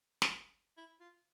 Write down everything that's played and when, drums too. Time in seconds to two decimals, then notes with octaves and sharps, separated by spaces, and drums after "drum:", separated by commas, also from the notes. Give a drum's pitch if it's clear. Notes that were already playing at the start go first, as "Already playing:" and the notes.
0.22 drum: snare
0.77 E4
1.01 F4